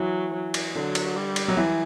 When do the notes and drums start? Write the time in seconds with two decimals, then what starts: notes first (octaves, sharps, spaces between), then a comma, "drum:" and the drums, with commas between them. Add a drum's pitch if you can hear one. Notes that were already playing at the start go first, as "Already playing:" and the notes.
Already playing: E3 F#3
0.34 F#3
0.54 drum: cymbal
0.74 D3 F#3
0.95 drum: cymbal
1.16 G3
1.36 drum: cymbal
1.48 F#3
1.57 E3